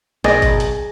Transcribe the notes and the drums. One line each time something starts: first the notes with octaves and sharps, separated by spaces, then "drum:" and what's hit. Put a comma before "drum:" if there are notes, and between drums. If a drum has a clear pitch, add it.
B1 G#4 D5 D#5, drum: snare
drum: kick G#1, hi-hat
drum: hi-hat